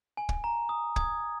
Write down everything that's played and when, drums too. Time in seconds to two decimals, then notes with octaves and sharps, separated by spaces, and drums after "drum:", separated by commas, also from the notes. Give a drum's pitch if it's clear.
0.17 G#5
0.29 drum: kick
0.44 A#5
0.69 D#6
0.96 D#6 G#6, drum: kick